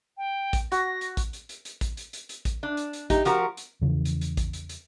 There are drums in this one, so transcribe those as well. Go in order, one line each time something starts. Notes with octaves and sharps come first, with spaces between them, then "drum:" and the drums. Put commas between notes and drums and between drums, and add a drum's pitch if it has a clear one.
G5
drum: kick A1, hi-hat
F#4 A#6, drum: hi-hat
drum: hi-hat
drum: kick A1, hi-hat
drum: hi-hat
drum: hi-hat
drum: hi-hat
drum: kick A1, hi-hat
drum: hi-hat
drum: hi-hat
drum: hi-hat
drum: kick A1, hi-hat
D4
drum: hi-hat
drum: hi-hat
D#4 G4, drum: kick A1, hi-hat
F3 F#4 A#4, drum: hi-hat
drum: hi-hat
E2 C#3 E3 F3
drum: hi-hat
drum: hi-hat
drum: kick A1, hi-hat
drum: hi-hat
drum: hi-hat